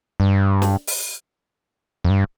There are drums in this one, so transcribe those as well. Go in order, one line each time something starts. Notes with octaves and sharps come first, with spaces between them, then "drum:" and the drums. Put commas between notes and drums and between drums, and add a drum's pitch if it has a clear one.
G2
drum: snare
drum: open hi-hat
F2
G2